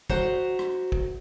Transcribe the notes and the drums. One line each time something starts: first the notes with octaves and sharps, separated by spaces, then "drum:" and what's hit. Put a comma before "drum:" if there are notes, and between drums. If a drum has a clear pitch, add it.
F#4 C5 E5 F#5 A#5, drum: kick
drum: rim click
drum: kick